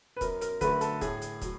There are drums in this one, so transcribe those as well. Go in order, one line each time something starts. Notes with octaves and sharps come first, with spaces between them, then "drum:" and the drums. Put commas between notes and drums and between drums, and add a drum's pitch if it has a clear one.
B4
F#2 A#4, drum: kick, hi-hat
A#4, drum: hi-hat
D3 F#3 A3 B4, drum: kick, hi-hat
A4, drum: hi-hat
A2 G#4, drum: kick, hi-hat
drum: hi-hat
F#3, drum: kick, hi-hat